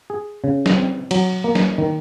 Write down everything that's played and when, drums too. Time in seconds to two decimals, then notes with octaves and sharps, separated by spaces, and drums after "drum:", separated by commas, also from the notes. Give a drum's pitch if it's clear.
0.10 G#4
0.44 C#3
0.66 drum: snare
0.76 C4
1.11 F#3, drum: cymbal
1.44 A#3
1.55 drum: snare
1.78 D#3